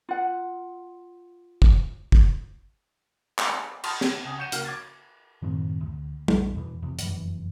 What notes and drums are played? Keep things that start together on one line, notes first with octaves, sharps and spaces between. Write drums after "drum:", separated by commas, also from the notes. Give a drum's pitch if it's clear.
F4 F#5
drum: kick
drum: kick
drum: clap
A5 B5 C6 D#6 F6 A6, drum: cymbal
G#6, drum: snare
C#2 G#5 D#6
F#5 C#6 G6 C#7 D#7 E7
C#2 A#3 F#4 F6 C7, drum: hi-hat
D6 G#6 A6
F#2 A2 D#3 C4
D2
A#1 E2, drum: tom
E2 B2 E3
E2 C3
F1 F#2 E3, drum: hi-hat